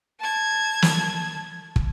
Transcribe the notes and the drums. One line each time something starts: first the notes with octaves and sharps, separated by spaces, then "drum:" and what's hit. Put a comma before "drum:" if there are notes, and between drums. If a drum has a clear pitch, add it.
A5 G#6
drum: snare
drum: kick